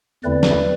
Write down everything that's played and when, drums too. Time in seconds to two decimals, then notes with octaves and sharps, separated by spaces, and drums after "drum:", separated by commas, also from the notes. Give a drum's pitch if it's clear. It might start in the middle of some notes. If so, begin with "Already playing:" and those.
0.24 E2 D3 A3 C4 E4 B4 D5
0.43 drum: snare